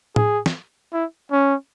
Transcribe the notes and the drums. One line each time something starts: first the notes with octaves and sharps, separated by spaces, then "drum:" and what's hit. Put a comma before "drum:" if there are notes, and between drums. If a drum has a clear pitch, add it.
G#4, drum: tom A2
drum: snare
E4
C#4